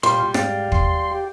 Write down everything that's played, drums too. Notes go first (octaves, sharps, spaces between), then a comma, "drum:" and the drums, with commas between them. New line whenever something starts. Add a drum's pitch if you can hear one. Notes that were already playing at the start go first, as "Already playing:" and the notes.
A#2 G3 F4 C6
G#2 D5 F5 G5, drum: rim click
C6, drum: kick
G4